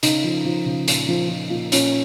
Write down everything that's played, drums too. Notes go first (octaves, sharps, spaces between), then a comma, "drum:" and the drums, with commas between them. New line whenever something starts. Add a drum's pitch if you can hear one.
C#3 D#4, drum: hi-hat
F3
F3
C#3
A#2, drum: hi-hat
F3
F3
A#2
A#2 C#4, drum: hi-hat